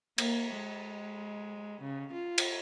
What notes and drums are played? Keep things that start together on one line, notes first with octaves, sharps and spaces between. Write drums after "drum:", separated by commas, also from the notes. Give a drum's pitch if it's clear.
A#3, drum: cymbal
G#3
C#3
F4
drum: cymbal